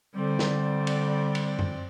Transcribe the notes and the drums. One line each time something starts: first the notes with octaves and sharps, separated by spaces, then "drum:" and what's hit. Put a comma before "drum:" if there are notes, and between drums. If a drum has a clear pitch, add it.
D3 G3 C4 D5
drum: snare
drum: cymbal
drum: cymbal
drum: tom F#2